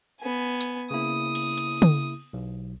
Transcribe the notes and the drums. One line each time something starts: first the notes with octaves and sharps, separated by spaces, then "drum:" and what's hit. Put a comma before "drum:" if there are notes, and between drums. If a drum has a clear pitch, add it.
B3 G#5
drum: hi-hat
C#3 A#3 E4 D#6
drum: cymbal
drum: hi-hat
drum: tom
B1